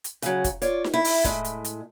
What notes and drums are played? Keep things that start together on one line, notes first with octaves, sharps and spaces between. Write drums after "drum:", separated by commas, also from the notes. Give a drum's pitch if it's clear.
drum: hi-hat
C#3 F#3, drum: hi-hat
drum: kick, hi-hat
F4 C#5 D5, drum: hi-hat
drum: snare D#4
E4
drum: open hi-hat
A2 G#3, drum: kick, hi-hat
drum: hi-hat
drum: hi-hat